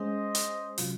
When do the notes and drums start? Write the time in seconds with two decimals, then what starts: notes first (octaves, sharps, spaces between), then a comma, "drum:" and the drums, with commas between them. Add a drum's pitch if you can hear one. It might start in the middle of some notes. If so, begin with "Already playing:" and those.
Already playing: G#3 C#4 G#4 C5 D#5
0.35 drum: hi-hat
0.78 C3 F#3 C#4 F4, drum: open hi-hat